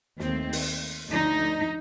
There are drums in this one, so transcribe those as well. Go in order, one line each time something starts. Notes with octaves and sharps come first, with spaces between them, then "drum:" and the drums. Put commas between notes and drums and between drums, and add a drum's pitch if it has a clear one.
D#2 D#3 A3 C4, drum: snare
drum: open hi-hat
D2 D3 F3 A3 D#4